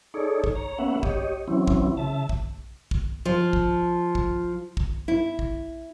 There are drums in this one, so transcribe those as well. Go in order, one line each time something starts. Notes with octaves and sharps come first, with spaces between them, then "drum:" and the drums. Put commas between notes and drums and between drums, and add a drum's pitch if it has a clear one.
D#4 G#4 A4 C#5 D5
drum: kick
C#5 A#5
A#3 B3 C#4 E5 F#5
G4 C#5 D#5, drum: kick
E3 F#3 C4 C#4 E4
drum: kick
C#3 E5 A5
drum: kick
drum: kick
F3
drum: kick
drum: kick
drum: kick
E4
drum: kick